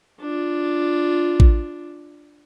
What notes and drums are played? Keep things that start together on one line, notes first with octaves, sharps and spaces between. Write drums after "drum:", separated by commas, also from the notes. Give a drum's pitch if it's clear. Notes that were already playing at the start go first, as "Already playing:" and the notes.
D4 F4
drum: kick A1